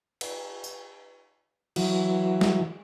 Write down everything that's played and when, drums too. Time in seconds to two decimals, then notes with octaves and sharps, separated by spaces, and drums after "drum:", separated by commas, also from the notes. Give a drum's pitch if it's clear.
0.21 drum: cymbal
0.64 drum: tambourine
1.76 E3 F#3, drum: cymbal
2.41 drum: snare